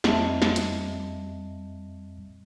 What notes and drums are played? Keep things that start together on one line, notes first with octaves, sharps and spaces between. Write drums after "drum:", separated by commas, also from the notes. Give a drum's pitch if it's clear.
F2 G3 C4 D#5 E5 A5, drum: snare
drum: snare
drum: hi-hat